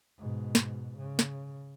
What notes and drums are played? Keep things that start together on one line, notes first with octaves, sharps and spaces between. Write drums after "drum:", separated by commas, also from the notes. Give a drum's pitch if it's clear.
G#2 B2
drum: snare
C#3
drum: snare